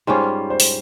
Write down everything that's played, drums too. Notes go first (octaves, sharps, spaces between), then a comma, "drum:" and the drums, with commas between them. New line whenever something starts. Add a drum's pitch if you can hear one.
G#2 G3 C#4 F4 C5
C5
drum: open hi-hat